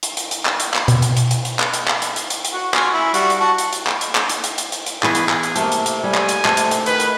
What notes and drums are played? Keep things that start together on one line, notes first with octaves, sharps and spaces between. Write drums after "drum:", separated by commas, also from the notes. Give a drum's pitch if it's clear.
drum: hi-hat
drum: hi-hat
drum: hi-hat
drum: clap
drum: hi-hat
drum: clap
B2, drum: hi-hat
drum: hi-hat
drum: hi-hat
drum: hi-hat
drum: hi-hat
drum: clap
drum: hi-hat
drum: clap
drum: hi-hat
drum: hi-hat
drum: hi-hat
drum: hi-hat
F#4
F4 F#4 G#5, drum: clap
E4
G3 F#4, drum: hi-hat
drum: hi-hat
F#4 A5
drum: hi-hat
drum: hi-hat
drum: clap
drum: hi-hat
drum: clap
drum: hi-hat
drum: hi-hat
drum: hi-hat
drum: hi-hat
drum: hi-hat
E3 B3 G#4 B4, drum: clap
drum: hi-hat
drum: clap
drum: hi-hat
C3 A3 A#3, drum: hi-hat
drum: hi-hat
drum: hi-hat
G3 G#5
drum: clap
drum: hi-hat
C3 A3, drum: clap
drum: hi-hat
drum: hi-hat
D#3 B4, drum: hi-hat
drum: hi-hat